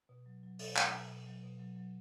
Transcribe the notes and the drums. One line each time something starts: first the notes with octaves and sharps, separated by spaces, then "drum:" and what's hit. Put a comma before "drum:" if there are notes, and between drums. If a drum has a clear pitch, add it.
B2
F#3
F#3
B2 A4, drum: open hi-hat
F#3, drum: clap
B2
B2
F#3
B2
F#3
F#3